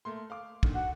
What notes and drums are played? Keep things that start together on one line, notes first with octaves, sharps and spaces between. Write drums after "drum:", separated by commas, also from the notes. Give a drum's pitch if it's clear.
A3 A#3 C6
F5 D6
A#2 D3 D#3, drum: kick
F#4 F#5